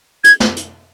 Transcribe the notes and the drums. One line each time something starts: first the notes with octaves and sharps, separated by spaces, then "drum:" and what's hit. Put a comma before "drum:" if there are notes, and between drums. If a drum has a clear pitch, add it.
G#6, drum: hi-hat
drum: snare
drum: hi-hat